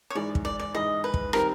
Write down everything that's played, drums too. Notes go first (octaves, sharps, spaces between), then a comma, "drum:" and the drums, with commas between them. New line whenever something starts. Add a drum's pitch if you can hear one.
C#5
G#2 E3 G#3 D5
drum: kick
D5
D5
G#2 E3 G#3 D#5
B4
drum: kick
D#3 G3 C4 A#4, drum: rim click